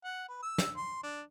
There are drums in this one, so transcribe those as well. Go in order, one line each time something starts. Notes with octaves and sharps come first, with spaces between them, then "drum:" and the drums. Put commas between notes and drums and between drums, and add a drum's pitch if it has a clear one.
F#5
B4
E6
drum: snare
C6
D4